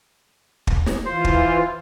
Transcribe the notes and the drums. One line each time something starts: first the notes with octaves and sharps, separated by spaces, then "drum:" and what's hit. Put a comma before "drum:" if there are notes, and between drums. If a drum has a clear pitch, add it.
drum: kick
drum: snare
E3 F4 C5
drum: kick